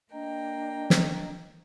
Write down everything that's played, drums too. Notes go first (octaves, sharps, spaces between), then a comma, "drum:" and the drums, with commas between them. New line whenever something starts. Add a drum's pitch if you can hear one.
A#3 D4 D#5 G5 A#5
drum: snare